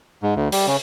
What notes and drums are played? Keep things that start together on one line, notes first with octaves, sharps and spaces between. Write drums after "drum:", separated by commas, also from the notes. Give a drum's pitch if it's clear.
G#2
D2
G3, drum: open hi-hat
C#3